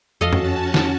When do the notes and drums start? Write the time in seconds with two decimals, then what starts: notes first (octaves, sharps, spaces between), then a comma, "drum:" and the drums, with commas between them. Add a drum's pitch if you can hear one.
0.21 F2 C#4 F#4 A4 D#5 F5 A5
0.33 drum: tom F#2
0.74 drum: snare